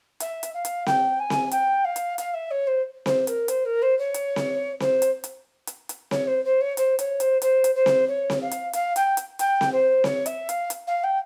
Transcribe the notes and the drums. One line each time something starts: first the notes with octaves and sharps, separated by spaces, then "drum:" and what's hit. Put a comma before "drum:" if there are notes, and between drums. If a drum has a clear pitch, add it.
E5, drum: hi-hat
drum: hi-hat
F5
drum: hi-hat
G5, drum: snare C4
G#5
drum: snare C4
G5, drum: hi-hat
F5
drum: hi-hat
F5, drum: hi-hat
E5
C#5
C5
C5, drum: snare C4
A#4, drum: hi-hat
C5, drum: hi-hat
A#4
C5
C#5
drum: hi-hat
drum: snare C4
C5, drum: snare C4
drum: hi-hat
drum: hi-hat
drum: hi-hat
drum: hi-hat
C#5, drum: snare C4
C5
C5
C#5
C5, drum: hi-hat
C#5, drum: hi-hat
C5, drum: hi-hat
C5, drum: hi-hat
drum: hi-hat
C5
drum: snare C4
C#5
drum: snare C4
F5
drum: hi-hat
F5, drum: hi-hat
G5, drum: hi-hat
drum: hi-hat
G5, drum: hi-hat
drum: snare C4
C5
C#5, drum: snare C4
E5, drum: hi-hat
F5, drum: hi-hat
drum: hi-hat
F5
G5